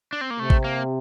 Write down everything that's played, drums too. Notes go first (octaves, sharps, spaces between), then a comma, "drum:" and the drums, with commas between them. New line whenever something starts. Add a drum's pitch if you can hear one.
D4
C4
A#3
C3 A3
drum: kick A1
A#3